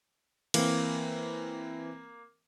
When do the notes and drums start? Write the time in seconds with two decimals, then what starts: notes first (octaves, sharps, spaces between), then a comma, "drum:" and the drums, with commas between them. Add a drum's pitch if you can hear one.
0.54 E3 A#3 C4, drum: cymbal